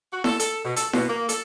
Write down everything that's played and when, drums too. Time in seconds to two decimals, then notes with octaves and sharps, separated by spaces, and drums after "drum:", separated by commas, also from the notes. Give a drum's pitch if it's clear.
0.12 F#4
0.24 A4, drum: snare E4
0.40 A4, drum: hi-hat
0.65 B2
0.76 A4, drum: hi-hat
0.93 B2, drum: snare E4
1.09 A#3
1.29 A4, drum: hi-hat